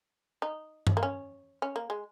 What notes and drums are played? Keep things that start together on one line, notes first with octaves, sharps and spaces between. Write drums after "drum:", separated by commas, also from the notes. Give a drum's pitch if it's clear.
D#4
drum: tom G2
A#3
C#4
C#4
A#3
G#3